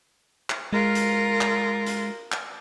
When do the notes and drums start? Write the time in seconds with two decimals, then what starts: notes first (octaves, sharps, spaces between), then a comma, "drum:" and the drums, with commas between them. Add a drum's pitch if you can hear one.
0.50 drum: clap
0.73 G#3 F4 A#4
0.95 drum: hi-hat
1.41 drum: clap
1.86 drum: hi-hat
2.32 drum: clap